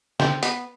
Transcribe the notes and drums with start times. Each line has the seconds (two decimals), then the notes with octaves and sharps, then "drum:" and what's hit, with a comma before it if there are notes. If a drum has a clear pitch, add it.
0.20 C4, drum: snare
0.43 B3, drum: hi-hat